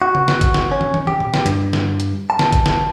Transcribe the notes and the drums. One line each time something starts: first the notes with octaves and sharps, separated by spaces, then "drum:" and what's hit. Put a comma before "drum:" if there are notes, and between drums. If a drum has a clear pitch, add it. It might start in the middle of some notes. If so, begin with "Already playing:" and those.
F#4
drum: tom
drum: snare
drum: kick, hi-hat
drum: snare
C#4
drum: tom
drum: tom
G4, drum: tom
drum: tom A#2
drum: snare
G2, drum: hi-hat
drum: snare
drum: hi-hat
A5
drum: snare
drum: kick, hi-hat
drum: snare